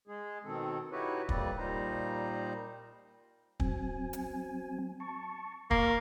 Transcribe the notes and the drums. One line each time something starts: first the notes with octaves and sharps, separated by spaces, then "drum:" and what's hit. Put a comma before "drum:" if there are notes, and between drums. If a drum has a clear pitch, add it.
G#3 G#4
B2 D#3 C4 A4
D#4 E4 F#4 G4 B4 C#5
F2 G3 A#3 C4 B4 D5, drum: kick
A#2 G3 D#4 F4 C5 A#5
F#3 C4 G#5, drum: kick
drum: hi-hat
A5 C#6
A#3 C#6 F6, drum: kick